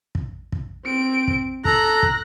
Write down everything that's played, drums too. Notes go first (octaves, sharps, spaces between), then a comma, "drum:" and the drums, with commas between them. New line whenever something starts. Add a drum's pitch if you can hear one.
drum: kick
drum: kick
C4 D7
drum: kick
A4 A#5 F#6 A#6, drum: kick
drum: kick